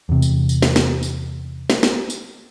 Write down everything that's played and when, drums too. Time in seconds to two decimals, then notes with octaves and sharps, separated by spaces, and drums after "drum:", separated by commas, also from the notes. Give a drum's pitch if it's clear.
0.09 E2 C3
0.22 drum: tambourine
0.49 drum: tambourine
0.62 drum: snare
0.76 drum: snare
1.03 drum: tambourine
1.70 drum: snare
1.83 drum: snare
2.10 drum: tambourine